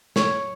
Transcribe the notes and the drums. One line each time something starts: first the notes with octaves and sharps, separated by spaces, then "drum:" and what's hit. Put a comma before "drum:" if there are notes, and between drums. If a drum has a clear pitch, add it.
C#5, drum: snare